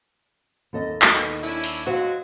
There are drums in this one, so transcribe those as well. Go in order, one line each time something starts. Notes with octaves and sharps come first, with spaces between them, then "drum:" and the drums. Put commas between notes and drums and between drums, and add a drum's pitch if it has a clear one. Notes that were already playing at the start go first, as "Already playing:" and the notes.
D#2 A4 D#5
B2 D#3, drum: clap
C#4 D4 E4
drum: open hi-hat
F#3 G#3 F#4 C5 F5